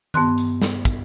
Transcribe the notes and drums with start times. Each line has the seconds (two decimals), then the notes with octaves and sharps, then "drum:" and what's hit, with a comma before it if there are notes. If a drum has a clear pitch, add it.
0.14 G2 B3 A5 C6 F#6, drum: tom D#3
0.38 drum: hi-hat
0.62 drum: snare
0.85 drum: kick, hi-hat